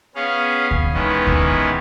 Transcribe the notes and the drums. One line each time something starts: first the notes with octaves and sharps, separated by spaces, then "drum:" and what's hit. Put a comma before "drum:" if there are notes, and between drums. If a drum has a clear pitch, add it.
B3 C#4 G#4 F5
drum: kick D2
D#3 E3 G#3 B3 C#4
drum: kick D2